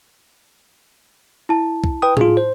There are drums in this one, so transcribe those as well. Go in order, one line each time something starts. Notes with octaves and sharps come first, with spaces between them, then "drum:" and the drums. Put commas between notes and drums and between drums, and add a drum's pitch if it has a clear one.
E4 A5
drum: kick
B4 G5 D#6
F4 G#4, drum: tom A2
C5